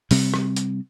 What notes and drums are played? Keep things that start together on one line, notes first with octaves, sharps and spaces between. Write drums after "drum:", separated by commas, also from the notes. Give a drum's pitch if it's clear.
C3 G3 C4, drum: open hi-hat
drum: rim click
drum: hi-hat